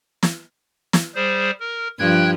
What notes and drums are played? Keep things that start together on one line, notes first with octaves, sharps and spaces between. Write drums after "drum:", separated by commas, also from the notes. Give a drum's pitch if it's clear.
drum: snare
drum: snare
G3 G#4 C5
A#4
G2 F3 G5 F#6 G#6